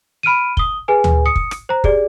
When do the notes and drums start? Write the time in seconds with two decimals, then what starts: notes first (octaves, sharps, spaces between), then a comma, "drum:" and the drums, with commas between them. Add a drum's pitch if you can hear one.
0.23 B5 F6 D7 D#7
0.57 D#6 G7, drum: kick
0.88 G#4 B4 G#5
1.04 drum: tom D2
1.26 D#6 C#7
1.36 drum: kick
1.51 drum: rim click
1.69 C5 A#5
1.84 G4 G#4 D5, drum: kick